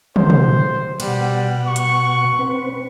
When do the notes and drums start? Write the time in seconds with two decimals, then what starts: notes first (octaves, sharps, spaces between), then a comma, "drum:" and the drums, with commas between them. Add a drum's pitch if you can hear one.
0.16 C5, drum: tom
0.30 drum: tom
1.00 B2 G3 F#5, drum: cymbal
1.67 C#6
1.76 drum: hi-hat
2.39 C4 B4